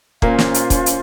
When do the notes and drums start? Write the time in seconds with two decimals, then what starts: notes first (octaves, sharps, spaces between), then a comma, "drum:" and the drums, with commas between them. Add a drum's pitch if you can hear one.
0.22 A#2 A#3 C#4 F4 C5 F5, drum: kick
0.38 drum: snare
0.54 drum: hi-hat
0.70 drum: kick, hi-hat
0.86 drum: hi-hat